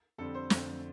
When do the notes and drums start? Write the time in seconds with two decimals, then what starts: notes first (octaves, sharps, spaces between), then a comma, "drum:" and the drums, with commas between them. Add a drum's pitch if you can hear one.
0.18 F2 D3 G3 C4 A4
0.34 C5
0.50 F2 D3 A3 C4, drum: snare